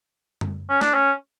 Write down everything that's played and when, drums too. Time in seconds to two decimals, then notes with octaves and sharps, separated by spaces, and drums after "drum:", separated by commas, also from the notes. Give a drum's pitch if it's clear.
0.41 drum: tom
0.69 C#4
0.81 D4, drum: snare
0.94 C#4